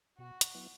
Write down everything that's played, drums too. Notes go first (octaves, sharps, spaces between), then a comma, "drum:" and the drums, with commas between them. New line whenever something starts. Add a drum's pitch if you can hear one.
B2 F#4
drum: hi-hat
F#3 B3 E4